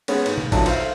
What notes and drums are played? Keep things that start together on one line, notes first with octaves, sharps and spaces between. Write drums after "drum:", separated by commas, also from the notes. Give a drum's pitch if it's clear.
G#3 B3 C#4, drum: cymbal
G#2, drum: cymbal
drum: tom B2
B1 F2 D3 F#3 D#4 A5, drum: kick, cymbal
C5 E5 F5, drum: cymbal